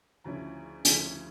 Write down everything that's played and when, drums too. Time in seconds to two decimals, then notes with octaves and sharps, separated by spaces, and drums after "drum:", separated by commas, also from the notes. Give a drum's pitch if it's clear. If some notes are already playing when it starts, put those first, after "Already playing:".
0.24 D2 C#3 F3 C#4 E4 A#5
0.85 D2 C#3 F3 C#4 E4, drum: hi-hat